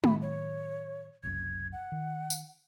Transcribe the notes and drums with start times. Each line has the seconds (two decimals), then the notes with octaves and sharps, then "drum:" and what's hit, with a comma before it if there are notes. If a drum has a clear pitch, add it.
0.04 A2 D#3 F#3 B5, drum: tom G#3
0.22 C#5
1.23 F#1 C2 F#2 G#6
1.72 F#5
1.92 D#3
2.30 drum: tambourine